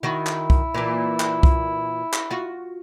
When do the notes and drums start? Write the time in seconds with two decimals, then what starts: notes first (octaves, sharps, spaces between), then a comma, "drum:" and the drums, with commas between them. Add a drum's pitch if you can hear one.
0.03 D#3 E4 F#4
0.26 drum: clap
0.50 drum: kick C2
0.74 A#2 E3
1.20 drum: clap
1.43 drum: kick C2
2.13 drum: clap
2.31 F4 F#4